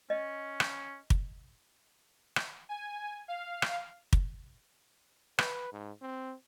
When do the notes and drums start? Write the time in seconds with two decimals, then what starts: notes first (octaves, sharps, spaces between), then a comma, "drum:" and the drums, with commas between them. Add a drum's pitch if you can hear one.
0.10 C#4 D#5
0.60 drum: rim click
1.10 drum: kick
2.36 drum: rim click
2.69 G#5
3.28 F5
3.62 drum: rim click
4.13 drum: kick
5.38 B4, drum: rim click
5.72 G#2
6.02 C4